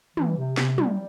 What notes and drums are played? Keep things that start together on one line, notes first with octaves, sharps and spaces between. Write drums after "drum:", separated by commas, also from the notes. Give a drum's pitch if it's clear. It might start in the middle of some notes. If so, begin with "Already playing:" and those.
E3, drum: tom
C3
C3, drum: snare
G3, drum: tom